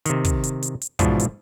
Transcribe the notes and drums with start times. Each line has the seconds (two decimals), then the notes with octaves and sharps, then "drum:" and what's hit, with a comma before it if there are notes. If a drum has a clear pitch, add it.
0.06 C3 D#3, drum: hi-hat
0.25 drum: kick, hi-hat
0.44 drum: hi-hat
0.63 drum: hi-hat
0.81 drum: hi-hat
0.99 G#2 B2 E3 F3 D4, drum: kick, hi-hat
1.19 drum: hi-hat